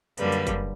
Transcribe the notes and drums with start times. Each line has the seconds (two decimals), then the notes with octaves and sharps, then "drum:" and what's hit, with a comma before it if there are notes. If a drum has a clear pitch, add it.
0.18 F#2 D3 G3 A#3 B4, drum: hi-hat
0.32 drum: hi-hat
0.47 drum: kick, hi-hat